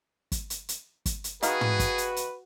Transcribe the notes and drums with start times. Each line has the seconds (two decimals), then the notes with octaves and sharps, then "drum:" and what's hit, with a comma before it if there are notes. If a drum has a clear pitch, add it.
0.32 drum: kick, hi-hat
0.50 drum: hi-hat
0.69 drum: hi-hat
1.06 drum: kick, hi-hat
1.24 drum: hi-hat
1.43 D#3 F#4 G#4 B4 F5, drum: hi-hat
1.61 drum: tom
1.79 drum: kick, hi-hat
1.98 drum: hi-hat
2.16 drum: hi-hat